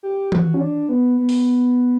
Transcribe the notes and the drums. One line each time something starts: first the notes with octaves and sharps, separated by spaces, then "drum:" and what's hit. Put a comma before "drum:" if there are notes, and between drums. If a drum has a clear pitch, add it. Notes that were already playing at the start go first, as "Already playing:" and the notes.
G4
F#4, drum: tom E3
C#4
D4
B3
B3
drum: open hi-hat